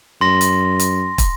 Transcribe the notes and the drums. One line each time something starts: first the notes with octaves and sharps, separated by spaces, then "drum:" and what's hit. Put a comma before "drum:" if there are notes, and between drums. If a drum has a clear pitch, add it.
F#2 C6 A#6
drum: hi-hat
drum: hi-hat
drum: kick, hi-hat